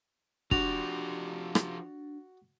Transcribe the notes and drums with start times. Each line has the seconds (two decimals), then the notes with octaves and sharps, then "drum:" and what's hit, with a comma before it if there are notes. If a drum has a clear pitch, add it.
0.51 F3 D4 F#4 G4 F7, drum: kick
1.55 drum: rim click